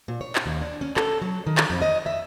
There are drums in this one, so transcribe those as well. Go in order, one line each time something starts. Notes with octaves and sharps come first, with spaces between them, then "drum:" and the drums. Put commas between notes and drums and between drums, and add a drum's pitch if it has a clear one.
A#2
C#5
drum: clap
D#2
D4
C#4
A4, drum: clap
F#3
D#3
drum: clap
F2
D#5
E5